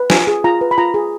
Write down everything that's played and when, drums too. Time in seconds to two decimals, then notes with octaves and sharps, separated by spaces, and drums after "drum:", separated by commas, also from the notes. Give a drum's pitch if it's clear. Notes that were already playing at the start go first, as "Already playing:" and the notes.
Already playing: B4
0.10 F4 G#5, drum: snare
0.27 G#4
0.44 F4 A#5
0.61 B4
0.71 B5
0.78 F4 A#5
0.94 G#4